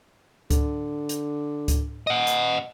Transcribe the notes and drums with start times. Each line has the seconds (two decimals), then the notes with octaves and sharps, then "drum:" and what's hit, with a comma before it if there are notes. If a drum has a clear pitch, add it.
0.51 D3, drum: kick C#2, hi-hat
1.09 drum: hi-hat
1.68 drum: kick C#2, hi-hat
2.07 D#5 F#5
2.27 drum: hi-hat